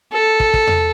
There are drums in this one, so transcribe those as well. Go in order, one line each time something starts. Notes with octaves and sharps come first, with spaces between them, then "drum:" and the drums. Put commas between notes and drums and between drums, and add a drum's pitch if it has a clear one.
A4
drum: kick
drum: kick
drum: tom E2